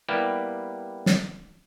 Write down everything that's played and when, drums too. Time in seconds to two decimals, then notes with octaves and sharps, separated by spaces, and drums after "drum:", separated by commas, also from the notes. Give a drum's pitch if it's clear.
0.08 G3 A#3 B3 E4 G4
1.06 drum: snare